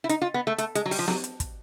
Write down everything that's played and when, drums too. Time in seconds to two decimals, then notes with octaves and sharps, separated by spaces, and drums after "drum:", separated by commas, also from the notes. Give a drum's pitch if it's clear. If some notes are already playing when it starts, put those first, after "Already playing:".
0.04 E4
0.09 D#4, drum: hi-hat
0.22 F4
0.34 B3
0.47 A3
0.58 A3, drum: hi-hat
0.75 G#3, drum: hi-hat
0.86 F#3
0.91 G3, drum: open hi-hat
0.99 F3
1.08 F#3, drum: snare
1.24 drum: hi-hat
1.40 drum: kick, hi-hat